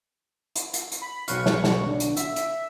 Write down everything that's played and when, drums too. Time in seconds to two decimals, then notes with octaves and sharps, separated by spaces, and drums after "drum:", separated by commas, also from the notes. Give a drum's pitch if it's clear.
0.56 drum: hi-hat
0.74 drum: hi-hat
0.92 drum: hi-hat
1.02 B5
1.28 B1 B4 F5 C#6, drum: hi-hat
1.46 drum: snare
1.64 drum: snare
1.86 D3
2.00 drum: hi-hat
2.17 E5, drum: hi-hat
2.36 drum: hi-hat